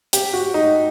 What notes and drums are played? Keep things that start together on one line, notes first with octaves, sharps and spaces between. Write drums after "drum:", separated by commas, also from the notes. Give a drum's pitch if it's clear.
G4, drum: hi-hat
F#4
D#4